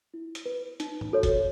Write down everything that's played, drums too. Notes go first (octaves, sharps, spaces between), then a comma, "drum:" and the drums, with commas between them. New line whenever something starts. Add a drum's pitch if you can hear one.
E4
drum: hi-hat
B4
D#4, drum: hi-hat
drum: tom G#2
F#4 A4 C#5
drum: kick F1, hi-hat